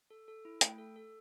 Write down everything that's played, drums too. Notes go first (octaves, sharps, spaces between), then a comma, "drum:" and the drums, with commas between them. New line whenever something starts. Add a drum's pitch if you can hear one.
A4
A4
E4
A3 G5, drum: hi-hat
A4
A4